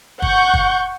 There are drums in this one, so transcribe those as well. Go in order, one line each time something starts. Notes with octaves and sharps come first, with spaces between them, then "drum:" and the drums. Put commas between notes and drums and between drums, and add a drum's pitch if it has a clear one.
F#5 C#6 G6, drum: kick
drum: kick